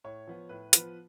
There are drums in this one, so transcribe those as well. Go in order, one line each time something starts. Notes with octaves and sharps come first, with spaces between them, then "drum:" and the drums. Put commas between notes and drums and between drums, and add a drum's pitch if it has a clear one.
A2 C#5
F3 B3
A2 B4
F3 B3 B4, drum: hi-hat